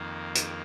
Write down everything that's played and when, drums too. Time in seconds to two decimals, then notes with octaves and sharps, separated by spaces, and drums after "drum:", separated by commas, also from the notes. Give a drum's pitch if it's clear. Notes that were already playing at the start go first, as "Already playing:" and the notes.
Already playing: F2 D#3 A#3
0.35 drum: hi-hat